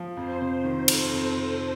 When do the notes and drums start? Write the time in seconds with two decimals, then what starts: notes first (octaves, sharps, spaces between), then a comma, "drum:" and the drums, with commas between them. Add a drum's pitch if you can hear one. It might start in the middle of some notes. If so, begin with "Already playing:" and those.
Already playing: F3
0.17 F2 C5
0.41 C3
0.64 D#3
0.88 F2 A4, drum: cymbal
1.13 F2
1.37 C3